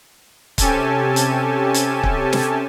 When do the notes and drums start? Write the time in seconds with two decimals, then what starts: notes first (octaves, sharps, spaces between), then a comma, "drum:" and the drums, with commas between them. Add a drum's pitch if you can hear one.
0.58 C3 C#4 G4 A4 G#5 A5, drum: kick, hi-hat
1.16 drum: hi-hat
1.74 drum: hi-hat
2.03 drum: kick
2.33 drum: snare